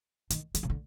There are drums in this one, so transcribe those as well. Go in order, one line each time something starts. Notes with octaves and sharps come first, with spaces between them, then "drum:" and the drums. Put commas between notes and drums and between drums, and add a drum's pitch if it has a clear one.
D#3, drum: hi-hat
D3, drum: hi-hat
C#3
D3